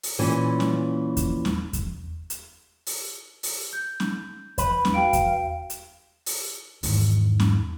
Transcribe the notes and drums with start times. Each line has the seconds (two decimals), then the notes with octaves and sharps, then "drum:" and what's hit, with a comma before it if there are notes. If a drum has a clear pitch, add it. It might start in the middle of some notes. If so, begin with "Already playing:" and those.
0.03 drum: open hi-hat
0.19 A#2 E3 C#4
0.60 drum: snare C#4
1.17 drum: kick E2, hi-hat
1.45 drum: snare C#4
1.73 drum: kick E2, hi-hat
2.30 drum: hi-hat
2.86 drum: open hi-hat
3.43 drum: open hi-hat
3.73 G6
4.00 drum: snare C#4
4.58 B4, drum: kick E2, hi-hat
4.85 drum: snare C#4
4.94 F#4 F5 G5 D7
5.13 drum: kick E2, hi-hat
5.70 drum: hi-hat
6.26 drum: open hi-hat
6.83 E2 G#2 D#3 E3, drum: open hi-hat
7.40 drum: snare C#4